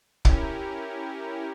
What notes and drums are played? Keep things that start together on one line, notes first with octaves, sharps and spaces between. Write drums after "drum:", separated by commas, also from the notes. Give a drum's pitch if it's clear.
C#4 E4 G4 A#4, drum: kick